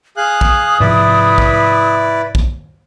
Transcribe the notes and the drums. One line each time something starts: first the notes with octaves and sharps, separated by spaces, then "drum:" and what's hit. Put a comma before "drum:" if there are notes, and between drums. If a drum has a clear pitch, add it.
G#4 F5 D#6 F#6
drum: kick
G#2 C3 F3 E4 B4 D5
drum: kick
drum: kick